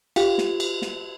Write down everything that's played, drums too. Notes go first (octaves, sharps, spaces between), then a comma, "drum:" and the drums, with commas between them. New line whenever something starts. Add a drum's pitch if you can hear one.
F4 G4, drum: cymbal
drum: snare
drum: cymbal
drum: snare